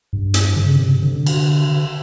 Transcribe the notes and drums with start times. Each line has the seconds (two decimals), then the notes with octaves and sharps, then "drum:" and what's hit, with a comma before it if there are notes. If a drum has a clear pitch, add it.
0.13 G2
0.34 drum: hi-hat
0.56 D3
0.64 C#3
0.72 C3
1.02 D3
1.26 drum: cymbal